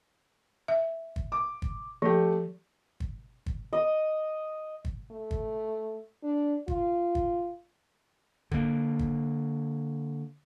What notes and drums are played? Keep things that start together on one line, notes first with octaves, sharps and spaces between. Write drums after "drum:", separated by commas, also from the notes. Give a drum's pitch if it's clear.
E5
drum: kick
D6
drum: kick
F3 A3 G4
drum: kick
drum: kick
D#5
drum: kick
A3
drum: kick
D4
F4, drum: kick
drum: kick
D3 A#3, drum: kick
drum: kick